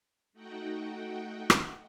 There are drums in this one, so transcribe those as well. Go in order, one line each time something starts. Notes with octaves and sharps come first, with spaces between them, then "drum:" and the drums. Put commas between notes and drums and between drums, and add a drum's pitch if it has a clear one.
A3 D#4 F#4 F#5 G5
drum: rim click